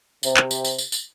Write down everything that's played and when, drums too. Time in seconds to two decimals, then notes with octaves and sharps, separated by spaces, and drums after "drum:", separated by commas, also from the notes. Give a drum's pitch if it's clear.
0.23 C3, drum: tambourine
0.37 drum: clap
0.51 drum: tambourine
0.65 drum: tambourine
0.78 drum: tambourine
0.92 drum: tambourine